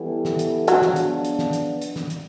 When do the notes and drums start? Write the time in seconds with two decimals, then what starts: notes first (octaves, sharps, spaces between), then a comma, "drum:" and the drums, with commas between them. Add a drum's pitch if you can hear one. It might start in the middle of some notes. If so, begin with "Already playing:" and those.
Already playing: E3 G3 B3 E4 A4
0.25 drum: snare
0.39 drum: hi-hat
0.68 F3 F#3 G#3 B3 D4, drum: hi-hat
0.82 drum: snare
0.96 drum: hi-hat
1.25 drum: hi-hat
1.39 drum: snare
1.53 drum: hi-hat
1.82 drum: hi-hat
1.96 drum: snare
2.10 drum: hi-hat